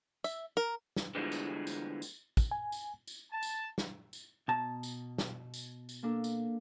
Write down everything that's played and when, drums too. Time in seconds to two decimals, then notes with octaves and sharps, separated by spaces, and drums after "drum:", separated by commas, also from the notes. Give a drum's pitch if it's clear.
0.24 E5, drum: tambourine
0.57 A#4
0.96 drum: snare
1.15 D3 E3 F3 G3 G#3 B3
1.32 drum: tambourine
1.67 drum: tambourine
2.02 drum: tambourine
2.37 drum: kick, tambourine
2.51 G#5
2.72 drum: tambourine
3.07 drum: tambourine
3.32 A5
3.43 drum: tambourine
3.78 drum: snare
4.13 drum: tambourine
4.48 B2 A5 A#5
4.83 drum: tambourine
5.18 drum: snare
5.54 drum: tambourine
5.89 drum: tambourine
6.03 A#3 D4 A4
6.24 drum: tambourine